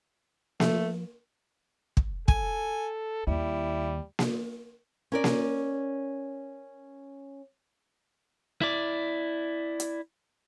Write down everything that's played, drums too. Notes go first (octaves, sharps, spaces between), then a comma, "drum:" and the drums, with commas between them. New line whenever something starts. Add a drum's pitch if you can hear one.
F3 A3, drum: snare A#3
drum: kick
A4 G#5, drum: kick
D#2 G3 E4
drum: snare A#3
C#4 A#4 D5
drum: snare A#3
E4 D5
drum: hi-hat